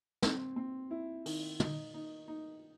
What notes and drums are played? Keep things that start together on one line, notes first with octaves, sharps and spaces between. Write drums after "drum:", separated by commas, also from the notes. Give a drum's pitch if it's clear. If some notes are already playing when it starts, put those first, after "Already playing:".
C4, drum: snare
C4
E4
D#3, drum: open hi-hat
D#4, drum: tom
D#4
D#4